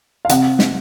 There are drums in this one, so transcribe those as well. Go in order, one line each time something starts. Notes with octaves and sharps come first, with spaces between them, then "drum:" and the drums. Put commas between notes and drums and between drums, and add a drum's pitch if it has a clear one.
F5
C3 F#5, drum: hi-hat
drum: snare